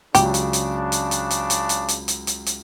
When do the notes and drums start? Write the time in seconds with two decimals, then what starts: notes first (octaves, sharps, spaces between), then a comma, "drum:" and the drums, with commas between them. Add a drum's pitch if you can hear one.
0.15 C#2 C#3 F#3 D4 G4, drum: hi-hat
0.34 drum: hi-hat
0.53 drum: hi-hat
0.92 drum: hi-hat
1.11 drum: hi-hat
1.31 drum: hi-hat
1.50 drum: hi-hat
1.69 drum: hi-hat
1.88 drum: hi-hat
2.08 drum: hi-hat
2.27 drum: hi-hat
2.46 drum: hi-hat